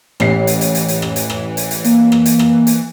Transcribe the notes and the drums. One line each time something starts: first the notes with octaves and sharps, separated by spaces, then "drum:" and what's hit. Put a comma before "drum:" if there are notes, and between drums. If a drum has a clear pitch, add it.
A1 E3 G4 C7, drum: rim click
drum: hi-hat
drum: hi-hat
drum: hi-hat
drum: hi-hat
drum: rim click
drum: hi-hat
drum: rim click
drum: hi-hat
drum: hi-hat
A#3, drum: hi-hat
drum: rim click
drum: hi-hat
drum: rim click
drum: hi-hat